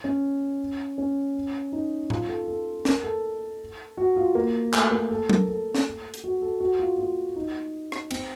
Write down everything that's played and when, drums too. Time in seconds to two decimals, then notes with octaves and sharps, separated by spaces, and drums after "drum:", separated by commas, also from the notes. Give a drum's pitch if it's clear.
0.04 C#4
0.98 C#4
1.72 D#4
2.10 F4, drum: tom A2
2.29 A4
2.48 A4
2.85 A#4, drum: snare
3.03 A4
3.97 F#4
4.16 F4
4.35 A#3
4.73 A3, drum: clap
4.91 A#3
5.11 A4
5.29 A#4, drum: tom F#3
5.49 A4
5.75 drum: snare
6.14 drum: hi-hat
6.24 F#4
6.42 A4
6.60 F#4
6.79 F4
6.98 F4
7.36 D#4
7.92 drum: rim click
8.11 C4, drum: cymbal